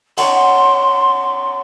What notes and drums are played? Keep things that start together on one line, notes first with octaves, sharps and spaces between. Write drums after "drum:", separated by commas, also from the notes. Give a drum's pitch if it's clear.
C#5 F#5 C6, drum: cymbal